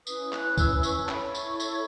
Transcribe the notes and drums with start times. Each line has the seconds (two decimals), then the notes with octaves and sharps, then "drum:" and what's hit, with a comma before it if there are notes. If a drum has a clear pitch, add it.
0.07 C#4 E4 B4 D#6, drum: tambourine
0.33 F#6, drum: clap
0.58 E6, drum: kick, tambourine
0.83 C#6, drum: tambourine
1.03 A5
1.09 E4 A4 C#5 B5, drum: clap
1.35 C#6, drum: tambourine
1.60 C#6, drum: tambourine